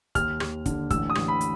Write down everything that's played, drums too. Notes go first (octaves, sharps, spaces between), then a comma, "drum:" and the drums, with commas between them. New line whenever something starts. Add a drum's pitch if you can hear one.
D#2 F6, drum: kick, hi-hat
D#2, drum: rim click
D3, drum: kick, hi-hat
A1 E6, drum: kick, hi-hat
D#6
A1, drum: rim click
B5
drum: hi-hat